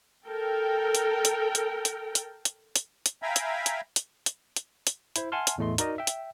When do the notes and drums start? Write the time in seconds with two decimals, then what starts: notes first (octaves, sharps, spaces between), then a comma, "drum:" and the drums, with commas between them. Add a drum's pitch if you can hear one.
0.25 A4 A#4 G5
0.95 drum: hi-hat
1.25 drum: hi-hat
1.55 drum: hi-hat
1.85 drum: hi-hat
2.15 drum: hi-hat
2.45 drum: hi-hat
2.76 drum: hi-hat
3.06 drum: hi-hat
3.22 E5 F5 G5 G#5 A#5 B5
3.36 drum: hi-hat
3.66 drum: hi-hat
3.96 drum: hi-hat
4.26 drum: hi-hat
4.56 drum: hi-hat
4.87 drum: hi-hat
5.16 E4 C5, drum: hi-hat
5.32 E5 F#5 G#5 A5 C6 F6
5.47 drum: hi-hat
5.58 E2 A2 A3 D#5 C6
5.78 D#4 F#4 A#4 D5 D#5, drum: hi-hat
5.98 E5 G5
6.07 drum: hi-hat